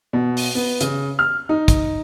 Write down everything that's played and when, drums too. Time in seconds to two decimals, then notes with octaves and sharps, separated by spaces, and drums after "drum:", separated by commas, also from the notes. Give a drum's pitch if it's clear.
0.13 B2
0.37 drum: open hi-hat
0.55 B3
0.81 C#3, drum: hi-hat
1.19 F6
1.49 D#4
1.68 drum: kick, hi-hat